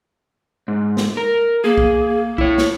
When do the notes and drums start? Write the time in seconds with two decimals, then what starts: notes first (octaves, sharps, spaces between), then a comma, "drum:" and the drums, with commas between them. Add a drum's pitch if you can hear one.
0.68 G#2
0.97 drum: snare
1.17 A#4
1.64 A#3 G#4
1.78 drum: kick C2
2.38 E4 C#5, drum: kick C2
2.58 drum: snare